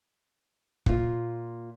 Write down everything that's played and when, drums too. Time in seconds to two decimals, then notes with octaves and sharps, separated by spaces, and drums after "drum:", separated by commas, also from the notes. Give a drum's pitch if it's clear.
0.86 A#2 F4, drum: kick